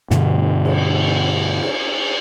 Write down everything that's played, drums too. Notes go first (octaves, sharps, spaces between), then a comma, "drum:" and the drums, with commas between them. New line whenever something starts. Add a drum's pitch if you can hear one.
G2 B2 D3 G3, drum: snare
drum: cymbal
drum: cymbal